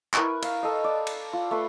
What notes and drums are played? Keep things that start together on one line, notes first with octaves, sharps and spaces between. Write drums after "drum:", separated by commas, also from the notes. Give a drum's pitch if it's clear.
E4 A#4 B4 C#6, drum: clap
F5, drum: cymbal
A4 D#5
D5
drum: cymbal
F4
A3 B4 C6